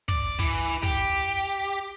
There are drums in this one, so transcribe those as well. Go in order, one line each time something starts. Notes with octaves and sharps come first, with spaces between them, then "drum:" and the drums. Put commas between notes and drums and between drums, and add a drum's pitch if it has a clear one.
D5, drum: kick
E3, drum: kick
G4, drum: kick